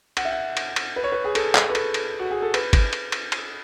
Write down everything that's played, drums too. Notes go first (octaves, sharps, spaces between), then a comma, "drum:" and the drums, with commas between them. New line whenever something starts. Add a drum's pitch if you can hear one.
F#5, drum: cymbal
E5
F#5
drum: cymbal
drum: cymbal
B4
C#5
B4
G#4
A4, drum: cymbal
drum: clap
B4
A4, drum: cymbal
drum: cymbal
F#4
G#4
A4
B4, drum: cymbal
drum: kick G#1, cymbal
drum: cymbal
drum: cymbal
drum: cymbal